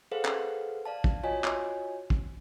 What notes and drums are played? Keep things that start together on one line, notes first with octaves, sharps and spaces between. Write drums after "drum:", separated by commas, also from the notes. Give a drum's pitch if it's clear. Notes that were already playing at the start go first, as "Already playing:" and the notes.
G#4 A4 B4 C5 F5 F#5
drum: clap
D5 F5 A5
drum: kick
F4 F#4 C#5 D#5 G#5
drum: clap
drum: kick